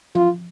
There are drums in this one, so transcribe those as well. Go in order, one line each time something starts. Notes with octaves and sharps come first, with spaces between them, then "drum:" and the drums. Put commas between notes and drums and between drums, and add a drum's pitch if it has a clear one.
F4, drum: tom F3